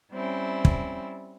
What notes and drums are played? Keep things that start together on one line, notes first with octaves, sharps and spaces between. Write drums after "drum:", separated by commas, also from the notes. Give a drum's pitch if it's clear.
G3 C4 C#4 E4
drum: kick